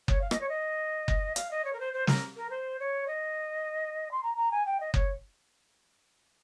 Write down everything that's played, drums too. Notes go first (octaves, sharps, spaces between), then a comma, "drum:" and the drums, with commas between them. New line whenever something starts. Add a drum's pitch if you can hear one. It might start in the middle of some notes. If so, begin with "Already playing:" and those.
C#5, drum: kick F#1
F5
D#5, drum: rim click
C#5
D#5
drum: kick F#1
F5, drum: hi-hat
D#5
C#5
A#4
C5
C5
A#4, drum: snare
A#4
C5
C#5
D#5
C6
A#5
A#5
G#5
G5
D#5
C#5, drum: kick F#1